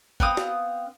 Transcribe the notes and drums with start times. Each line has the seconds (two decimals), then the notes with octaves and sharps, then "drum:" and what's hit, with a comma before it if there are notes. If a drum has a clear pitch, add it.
0.20 B3 C4 F5 D#6, drum: kick
0.37 drum: snare F#4